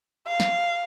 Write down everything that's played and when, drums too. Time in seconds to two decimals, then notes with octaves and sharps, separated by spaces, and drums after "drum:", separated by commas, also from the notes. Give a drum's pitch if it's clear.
0.27 F5
0.40 drum: snare